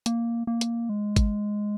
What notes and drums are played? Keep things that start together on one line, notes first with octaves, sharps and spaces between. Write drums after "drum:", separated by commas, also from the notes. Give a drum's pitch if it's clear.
A#3, drum: hi-hat
A#3
drum: hi-hat
G#3
drum: kick G#1, hi-hat